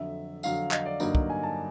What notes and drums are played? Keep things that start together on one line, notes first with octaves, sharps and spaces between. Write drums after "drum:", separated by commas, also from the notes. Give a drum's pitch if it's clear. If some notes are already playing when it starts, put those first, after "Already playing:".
Already playing: F2 D3 F#3 E5
F2 D3 F#3 F5, drum: tambourine
D#5, drum: clap
D5
G2 D3 F#3 A#3 D#4 D5, drum: tambourine
drum: kick
G#5
A5